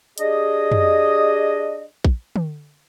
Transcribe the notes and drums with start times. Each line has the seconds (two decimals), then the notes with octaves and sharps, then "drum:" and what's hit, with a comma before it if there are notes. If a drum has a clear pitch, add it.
0.18 D4 G4 G#4 D#5, drum: hi-hat
0.72 drum: tom
2.04 drum: kick
2.36 drum: tom